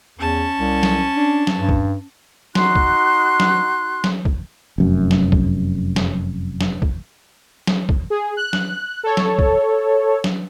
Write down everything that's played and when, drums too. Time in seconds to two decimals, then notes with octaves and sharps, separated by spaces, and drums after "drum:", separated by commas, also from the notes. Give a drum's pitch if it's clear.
0.19 E2 C#4 A5
0.59 C2
0.83 drum: snare F#3
1.17 D4
1.47 drum: snare F#3
1.59 G2
1.69 drum: kick
2.55 D#4 F#4 C6 F#6, drum: snare F#3
2.76 drum: kick
3.40 drum: snare F#3
4.04 drum: snare F#3
4.25 drum: kick
4.78 F1 F#2
5.11 drum: snare F#3
5.32 drum: kick
5.96 drum: snare F#3
6.61 drum: snare F#3
6.82 drum: kick
7.67 drum: snare F#3
7.89 drum: kick
8.10 G#4
8.37 F#6
8.53 drum: snare F#3
9.03 A4 C#5
9.17 drum: snare F#3
9.39 drum: kick
10.24 drum: snare F#3